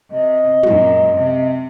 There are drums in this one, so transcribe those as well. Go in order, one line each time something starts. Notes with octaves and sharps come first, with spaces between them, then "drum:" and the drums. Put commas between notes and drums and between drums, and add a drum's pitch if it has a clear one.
C3 D#5
F#2 A#2 G#3, drum: tom
C3